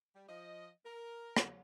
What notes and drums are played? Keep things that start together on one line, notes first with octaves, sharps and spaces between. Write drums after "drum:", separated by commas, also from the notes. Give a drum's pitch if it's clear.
G3
F3 D#5
A#4
drum: rim click